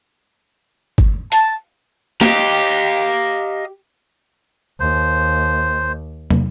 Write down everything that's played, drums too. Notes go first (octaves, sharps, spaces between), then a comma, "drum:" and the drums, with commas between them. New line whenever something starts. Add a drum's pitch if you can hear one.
drum: kick
A5, drum: hi-hat
G4 D#5 F5 A#5, drum: snare
D#2 C5
drum: tom